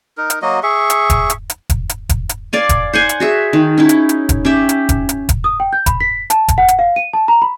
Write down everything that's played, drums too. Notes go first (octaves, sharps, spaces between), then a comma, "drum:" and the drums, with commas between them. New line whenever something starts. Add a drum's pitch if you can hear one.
D#4 A#4
drum: hi-hat
F#3 A#3 F#4 D#5
G#4 E5 C#6
drum: hi-hat
drum: kick E1, hi-hat
drum: hi-hat
drum: hi-hat
drum: kick E1, hi-hat
drum: hi-hat
drum: kick E1, hi-hat
drum: hi-hat
D5 F5 G#5
drum: kick E1, hi-hat
C5 F#5 G#5
drum: hi-hat
F#4 G#4 E5
D#3
C#4 D#4 E4
drum: hi-hat
drum: hi-hat
drum: kick E1, hi-hat
C#4 G4 E5
drum: hi-hat
drum: kick E1, hi-hat
drum: hi-hat
drum: kick E1, hi-hat
D#6
G5
G6
B5, drum: kick E1, hi-hat
B6
A5, drum: hi-hat
drum: kick E1, hi-hat
F#5
drum: hi-hat
F5
D#7
A5
A#5
B5